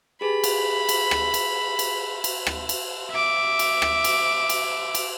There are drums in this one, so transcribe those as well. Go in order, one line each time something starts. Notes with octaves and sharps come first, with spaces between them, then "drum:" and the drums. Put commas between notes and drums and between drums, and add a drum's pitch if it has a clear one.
G4 G#4 B4 B5
drum: cymbal
drum: cymbal
drum: rim click
drum: cymbal
drum: cymbal
drum: cymbal
drum: rim click
drum: cymbal
E5 D6
drum: cymbal
drum: rim click
drum: cymbal
drum: cymbal
drum: cymbal